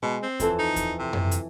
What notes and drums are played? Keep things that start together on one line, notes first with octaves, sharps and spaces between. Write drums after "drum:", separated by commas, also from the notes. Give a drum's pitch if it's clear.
B2 G#3
C4
F2 E3 A4, drum: kick D#2, hi-hat
D#4
drum: kick D#2, hi-hat
C3
drum: tom F#2
drum: hi-hat